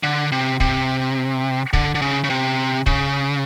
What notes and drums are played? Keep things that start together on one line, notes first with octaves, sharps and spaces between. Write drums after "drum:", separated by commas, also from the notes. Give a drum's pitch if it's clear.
D3
C3
C3, drum: kick
D3, drum: kick
D3
C#3
C#3
C3
C#3, drum: kick